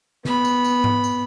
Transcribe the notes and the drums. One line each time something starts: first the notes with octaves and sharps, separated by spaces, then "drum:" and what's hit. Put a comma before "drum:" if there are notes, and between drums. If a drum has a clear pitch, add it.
B3 B5, drum: snare
drum: tambourine
drum: tambourine
drum: tom G#2
drum: tambourine